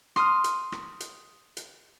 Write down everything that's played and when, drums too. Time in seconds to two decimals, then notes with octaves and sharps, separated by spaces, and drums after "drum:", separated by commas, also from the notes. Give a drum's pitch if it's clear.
0.16 C6 D#6 F6, drum: rim click
0.44 drum: hi-hat
0.72 drum: rim click
1.00 drum: hi-hat
1.57 drum: hi-hat